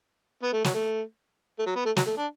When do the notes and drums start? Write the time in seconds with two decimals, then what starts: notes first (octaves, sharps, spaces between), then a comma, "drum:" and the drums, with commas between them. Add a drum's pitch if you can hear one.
0.43 B3
0.53 A3
0.64 F#3, drum: snare
0.74 A3
1.59 A3
1.66 F#3
1.76 B3
1.85 A3
1.96 F#3, drum: snare
2.07 A3
2.17 D4